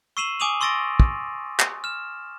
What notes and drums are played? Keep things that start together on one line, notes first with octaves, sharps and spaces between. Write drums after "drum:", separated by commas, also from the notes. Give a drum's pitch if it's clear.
C#6 E6 C7 D#7 E7 F#7
G#5 D6 D#6 D#7 F7 F#7
C6 C#6 E6 A6 A#6 D7
drum: kick
drum: clap
F6 E7